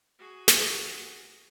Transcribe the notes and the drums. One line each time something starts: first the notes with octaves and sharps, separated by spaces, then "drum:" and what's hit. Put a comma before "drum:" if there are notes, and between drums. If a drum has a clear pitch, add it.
F#4 G#4
drum: snare